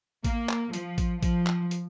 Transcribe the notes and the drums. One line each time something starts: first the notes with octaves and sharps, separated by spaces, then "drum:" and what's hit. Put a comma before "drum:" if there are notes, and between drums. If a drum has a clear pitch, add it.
A#3, drum: kick A1, hi-hat
drum: clap
F3, drum: hi-hat
drum: kick A1, hi-hat
F3, drum: kick A1, hi-hat
drum: clap
drum: hi-hat